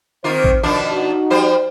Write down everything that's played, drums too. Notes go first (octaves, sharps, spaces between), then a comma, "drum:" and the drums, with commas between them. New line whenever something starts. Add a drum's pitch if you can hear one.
D#3 A#3 C4 F4 C5
drum: kick A1
B2 D#3 F3 D4
D#4 F#4
F3 G3 C5